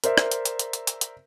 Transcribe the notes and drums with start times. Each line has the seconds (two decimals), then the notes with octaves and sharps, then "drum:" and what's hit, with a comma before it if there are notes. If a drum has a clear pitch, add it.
0.04 A#4 C5 D5 E5, drum: hi-hat
0.18 drum: rim click
0.32 drum: hi-hat
0.45 drum: hi-hat
0.59 drum: hi-hat
0.73 drum: hi-hat
0.87 drum: hi-hat
1.01 drum: hi-hat